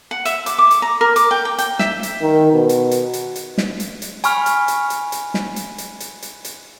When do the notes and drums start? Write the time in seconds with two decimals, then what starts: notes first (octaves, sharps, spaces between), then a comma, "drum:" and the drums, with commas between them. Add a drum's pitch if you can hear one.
0.11 F#5
0.25 E5, drum: hi-hat
0.46 D6, drum: hi-hat
0.58 D6
0.71 drum: hi-hat
0.82 A#5
1.01 A#4
1.16 D6, drum: hi-hat
1.31 G5
1.45 G5
1.58 G5, drum: hi-hat
1.79 E5, drum: snare
2.03 drum: hi-hat
2.22 D#3
2.53 B2
2.69 drum: hi-hat
2.91 drum: hi-hat
3.13 drum: hi-hat
3.36 drum: hi-hat
3.58 drum: snare
3.80 drum: hi-hat
4.02 drum: hi-hat
4.24 G#5 B5 C#6 F6, drum: hi-hat
4.46 drum: hi-hat
4.68 drum: hi-hat
4.90 drum: hi-hat
5.12 drum: hi-hat
5.34 drum: snare
5.56 drum: hi-hat
5.78 drum: hi-hat
6.00 drum: hi-hat
6.22 drum: hi-hat
6.45 drum: hi-hat